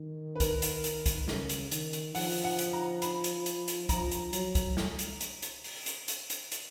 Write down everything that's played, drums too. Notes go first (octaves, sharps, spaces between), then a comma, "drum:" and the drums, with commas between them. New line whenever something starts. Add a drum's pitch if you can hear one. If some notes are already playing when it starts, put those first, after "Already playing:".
Already playing: D#3
B4
A#4, drum: kick, hi-hat
drum: hi-hat
drum: hi-hat
drum: kick, hi-hat
C#3, drum: snare
drum: hi-hat
D#3, drum: hi-hat
drum: hi-hat
F3 F#5, drum: open hi-hat
F#5
drum: hi-hat
A#5
B5, drum: hi-hat
drum: hi-hat
drum: hi-hat
drum: hi-hat
F3 A#5, drum: kick, hi-hat
drum: hi-hat
F#3, drum: hi-hat
drum: kick, hi-hat
drum: snare
drum: hi-hat
drum: hi-hat
drum: hi-hat
drum: open hi-hat
drum: hi-hat
drum: hi-hat
drum: hi-hat
drum: hi-hat